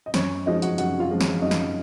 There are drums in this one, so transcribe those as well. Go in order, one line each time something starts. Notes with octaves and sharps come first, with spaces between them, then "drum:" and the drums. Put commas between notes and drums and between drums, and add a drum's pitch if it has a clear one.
D#5
F#2 C#4 C#5, drum: snare
F3 G#3 D#4 D#5
F#4 F#5, drum: hi-hat
F#2 F#4 F#5, drum: hi-hat
F4 F5
F3 G#3
C#4 C#5, drum: snare
F#2 D#4 D#5
drum: snare